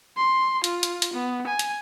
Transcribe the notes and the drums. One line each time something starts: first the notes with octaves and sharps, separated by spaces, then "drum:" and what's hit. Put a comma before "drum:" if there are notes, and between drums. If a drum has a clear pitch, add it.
C6
F4, drum: hi-hat
drum: hi-hat
drum: hi-hat
B3
G#5
drum: hi-hat